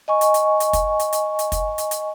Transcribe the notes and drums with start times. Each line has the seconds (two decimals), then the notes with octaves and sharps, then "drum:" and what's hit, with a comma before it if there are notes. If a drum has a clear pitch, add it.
0.08 D#5 G#5 C#6
0.21 drum: hi-hat
0.34 drum: hi-hat
0.60 drum: hi-hat
0.73 drum: kick, hi-hat
0.99 drum: hi-hat
1.13 drum: hi-hat
1.39 drum: hi-hat
1.52 drum: kick, hi-hat
1.78 drum: hi-hat
1.91 drum: hi-hat